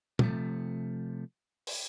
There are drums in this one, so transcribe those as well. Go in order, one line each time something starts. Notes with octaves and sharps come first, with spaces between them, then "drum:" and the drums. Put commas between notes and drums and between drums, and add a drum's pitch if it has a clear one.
C3 F3 A3, drum: tom
drum: open hi-hat